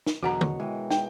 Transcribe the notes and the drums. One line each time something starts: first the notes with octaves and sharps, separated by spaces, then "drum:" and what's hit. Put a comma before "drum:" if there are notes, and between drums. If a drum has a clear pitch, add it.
drum: snare
E2 B2 D3 F#3 F#4 A#4 F#5 A#5
C#5, drum: tom
E3 G#3 G5
G5, drum: snare